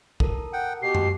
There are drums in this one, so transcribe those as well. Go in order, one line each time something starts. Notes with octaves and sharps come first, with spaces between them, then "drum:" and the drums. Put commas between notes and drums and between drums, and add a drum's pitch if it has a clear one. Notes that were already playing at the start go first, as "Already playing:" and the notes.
A4 A#4, drum: kick
F#5 G5
B2 G4 C7
drum: tom